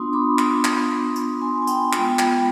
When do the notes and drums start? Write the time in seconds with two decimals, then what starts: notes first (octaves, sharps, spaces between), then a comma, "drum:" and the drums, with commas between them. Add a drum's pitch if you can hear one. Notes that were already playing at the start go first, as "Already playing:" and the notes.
Already playing: B3 D4 F4 C6 D#6
0.13 B5 D6
0.39 drum: clap
0.64 drum: clap
1.16 drum: tambourine
1.41 G#5 C6
1.62 G#5
1.67 G5 B5, drum: tambourine
1.93 G#3 B3 F4, drum: clap
2.19 drum: clap